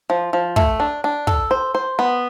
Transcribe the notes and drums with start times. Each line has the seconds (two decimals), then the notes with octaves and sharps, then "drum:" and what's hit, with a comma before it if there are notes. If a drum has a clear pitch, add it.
0.10 F3
0.33 F3
0.56 A3, drum: kick
0.80 D4
1.04 D4
1.27 A4, drum: kick
1.51 C5
1.75 C5
1.99 B3